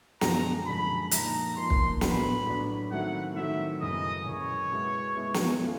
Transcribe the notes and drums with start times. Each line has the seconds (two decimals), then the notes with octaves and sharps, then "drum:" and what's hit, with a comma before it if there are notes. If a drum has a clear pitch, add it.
0.21 F#2 D3 F3 G#3 A#5, drum: snare
0.66 F#2 D3 F3 G#3 B5
1.11 A#2 F3 A#3 D#4 A#5, drum: hi-hat
1.56 A#2 F3 A#3 D#4 C6
1.70 drum: kick
2.01 A2 F#3 B3 D4 B5, drum: snare
2.46 A2 F#3 B3 D4
2.91 D#3 F#3 A3 C4 E4 F#5
3.36 D#3 F#3 A3 C4 E4 E5
3.81 F#2 C#3 E3 D#5
4.26 F#2 C#3 E3 C#5
4.71 B2 G#3 B3 E4
5.16 B2 G#3 B3 E4
5.34 drum: snare
5.61 E3 A3 C#4 F4